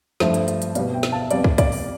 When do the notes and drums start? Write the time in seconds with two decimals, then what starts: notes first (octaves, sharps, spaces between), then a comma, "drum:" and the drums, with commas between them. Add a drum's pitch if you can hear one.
0.20 G2 F3 A3 C5 E5, drum: snare
0.34 drum: hi-hat
0.48 drum: hi-hat
0.62 drum: hi-hat
0.75 B2 G3 B3 D5 F5, drum: hi-hat
0.94 E5 G5
1.03 drum: snare
1.12 F5 A5
1.21 E5
1.31 F2 C3 G3 B3 D5 F5, drum: hi-hat
1.44 drum: kick
1.58 D5 F5, drum: kick, hi-hat
1.72 drum: open hi-hat